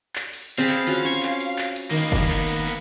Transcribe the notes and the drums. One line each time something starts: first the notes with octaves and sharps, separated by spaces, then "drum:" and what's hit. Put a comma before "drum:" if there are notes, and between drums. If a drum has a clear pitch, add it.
drum: clap
drum: cymbal
C4 G#4 F5 A5 B5
drum: clap
C#4 F4 F#4, drum: cymbal
C#4 C#5 C#6
drum: clap
drum: cymbal
drum: clap
drum: cymbal
D#3 A#3 B3
drum: kick, cymbal
drum: clap
drum: cymbal